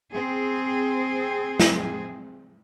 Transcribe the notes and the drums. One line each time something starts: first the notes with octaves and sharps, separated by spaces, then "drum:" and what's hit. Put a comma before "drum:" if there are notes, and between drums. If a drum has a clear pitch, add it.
C4 G#4
drum: snare